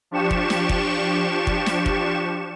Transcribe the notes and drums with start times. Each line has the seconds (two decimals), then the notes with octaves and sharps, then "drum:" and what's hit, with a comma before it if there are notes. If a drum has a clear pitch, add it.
0.11 F3 D4 G4 C#6 E7
0.31 drum: kick
0.50 drum: snare
0.69 drum: kick
1.47 drum: kick
1.66 drum: snare
1.86 drum: kick